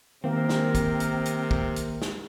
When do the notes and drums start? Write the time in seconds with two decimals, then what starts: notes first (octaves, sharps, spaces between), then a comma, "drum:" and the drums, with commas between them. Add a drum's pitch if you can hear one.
0.24 C3 D#3 A#3 C4 A#4
0.49 drum: snare
0.75 drum: kick, hi-hat
1.00 drum: hi-hat
1.25 drum: hi-hat
1.51 drum: kick
1.76 drum: hi-hat
2.02 drum: snare